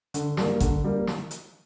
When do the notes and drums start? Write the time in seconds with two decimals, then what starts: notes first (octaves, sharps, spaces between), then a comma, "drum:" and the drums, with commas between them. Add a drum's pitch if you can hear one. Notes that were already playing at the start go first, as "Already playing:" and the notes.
0.14 D3, drum: hi-hat
0.37 G3 A#3, drum: snare
0.60 D3, drum: kick, hi-hat
0.84 G3 A#3
1.07 drum: snare
1.31 drum: hi-hat